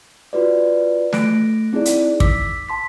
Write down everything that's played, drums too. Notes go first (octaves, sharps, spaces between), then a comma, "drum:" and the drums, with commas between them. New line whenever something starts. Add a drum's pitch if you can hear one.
F4 F#4 B4 D5
A3 F#6 A#6 D7, drum: snare
C4 D#4 E4 G#4 D5
drum: hi-hat
D6 E6 B6, drum: kick
A5 C6 B6